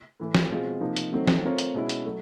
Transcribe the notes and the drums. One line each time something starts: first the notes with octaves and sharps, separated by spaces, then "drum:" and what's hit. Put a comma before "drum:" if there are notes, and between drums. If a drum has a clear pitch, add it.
A2 E3 A3
drum: snare
B2 G#3 C4 F4 G#4
C3 F3 A#3 D#4
drum: hi-hat
D#3 F#3 A3 C4
drum: snare
A3 C4 F4 A#4 C#5
drum: hi-hat
B2 G#3 C#4 E4
drum: hi-hat
F#3 A3